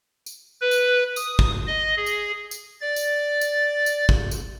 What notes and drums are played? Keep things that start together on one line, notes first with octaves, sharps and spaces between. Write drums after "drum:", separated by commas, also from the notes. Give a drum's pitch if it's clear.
drum: tambourine
B4
drum: tambourine
D#6, drum: tambourine
drum: kick
D#5
G#4
drum: tambourine
drum: tambourine
D5 A6
drum: tambourine
drum: tambourine
drum: tambourine
drum: kick
drum: tambourine